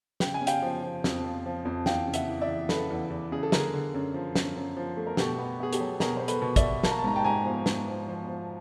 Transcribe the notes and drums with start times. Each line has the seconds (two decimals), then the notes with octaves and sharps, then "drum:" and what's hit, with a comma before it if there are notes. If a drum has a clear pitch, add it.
0.20 C#3 G5, drum: snare
0.34 G#5
0.42 C#3
0.47 F5 G5, drum: hi-hat
0.62 F3
0.83 F3
1.04 F2, drum: snare
1.24 F3
1.46 F3
1.65 F2
1.86 E2 F5 G5, drum: snare
2.07 C#3
2.14 E5 F#5, drum: hi-hat
2.28 E3
2.41 D5 E5
2.48 E2
2.69 C#3 A4 B4, drum: snare
2.90 E2
3.10 E2
3.32 C#3 G#4
3.43 A4
3.52 D3 G#4 A#4, drum: snare
3.74 D3
3.94 F#2
4.14 F3
4.36 F#2, drum: snare
4.56 F#2
4.77 F3
4.97 A3
5.07 A#4
5.17 B2 G4 A4, drum: snare
5.38 B3
5.60 B3 G#4
5.73 G4 A4, drum: hi-hat
5.80 F#3
6.00 B2 G#4 A#4, drum: snare
6.17 B3 C5
6.28 A4 B4, drum: hi-hat
6.42 B2
6.56 D5 E5, drum: kick, hi-hat
6.63 B2
6.83 A#3 A5, drum: snare
6.91 A#5
6.99 A5
7.04 G#2 A#5
7.16 G5 A5
7.24 G#2 G#5 A#5
7.45 F3
7.66 G#2, drum: snare
7.87 F3
8.08 F3
8.28 F3